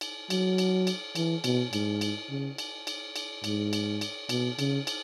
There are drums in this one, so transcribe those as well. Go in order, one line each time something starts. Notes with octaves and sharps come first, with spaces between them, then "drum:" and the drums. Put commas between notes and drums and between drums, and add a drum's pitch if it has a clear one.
drum: cymbal
F#3, drum: cymbal
drum: cymbal
drum: cymbal
E3, drum: cymbal
B2, drum: cymbal
G#2, drum: cymbal
drum: cymbal
C#3
drum: cymbal
drum: cymbal
drum: cymbal
G#2, drum: cymbal
drum: cymbal
drum: cymbal
B2, drum: cymbal
C#3, drum: cymbal
drum: cymbal